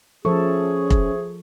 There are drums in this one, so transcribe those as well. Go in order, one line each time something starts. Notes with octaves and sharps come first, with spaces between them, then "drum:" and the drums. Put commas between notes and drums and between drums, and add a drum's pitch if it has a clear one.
F3 C#4 G#4 A4 C5 E5 C#6
drum: kick